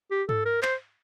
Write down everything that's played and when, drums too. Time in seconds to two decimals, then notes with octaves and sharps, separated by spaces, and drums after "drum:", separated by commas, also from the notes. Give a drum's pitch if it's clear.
0.11 G4
0.29 A4, drum: tom G#2
0.46 A#4
0.63 C5, drum: clap